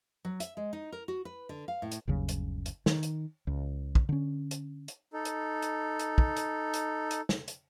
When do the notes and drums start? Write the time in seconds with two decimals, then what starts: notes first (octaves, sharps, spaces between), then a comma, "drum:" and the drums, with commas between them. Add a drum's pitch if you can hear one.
0.25 F#3
0.40 E5, drum: hi-hat
0.57 G#3
0.73 D#4
0.92 A#4
1.08 F#4
1.25 B4
1.49 D3
1.68 F5
1.82 A2
1.91 drum: hi-hat
2.07 G1 D#2 C#3 F#3
2.29 drum: hi-hat
2.66 drum: hi-hat
2.86 D#3, drum: snare
3.03 drum: hi-hat
3.47 C#2
3.95 drum: kick
4.09 D3 C#4
4.51 drum: hi-hat
4.88 drum: hi-hat
5.13 D#4 A4
5.25 drum: hi-hat
5.62 drum: hi-hat
5.99 drum: hi-hat
6.18 drum: kick
6.36 drum: hi-hat
6.74 drum: hi-hat
7.11 drum: hi-hat
7.29 drum: snare
7.48 drum: hi-hat